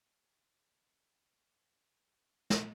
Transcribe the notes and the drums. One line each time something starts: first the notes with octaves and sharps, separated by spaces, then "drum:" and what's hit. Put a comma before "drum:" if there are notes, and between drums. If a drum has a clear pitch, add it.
G#4
C#4
C#4 F#4
drum: snare